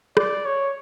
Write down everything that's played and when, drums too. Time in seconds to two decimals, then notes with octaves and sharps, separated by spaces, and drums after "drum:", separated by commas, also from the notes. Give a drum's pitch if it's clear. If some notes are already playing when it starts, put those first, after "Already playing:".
0.17 D5, drum: rim click
0.45 C#5